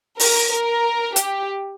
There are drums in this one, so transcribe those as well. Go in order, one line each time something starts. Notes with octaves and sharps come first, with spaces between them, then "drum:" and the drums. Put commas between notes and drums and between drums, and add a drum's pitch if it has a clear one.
A#4, drum: open hi-hat
A#4
G4, drum: hi-hat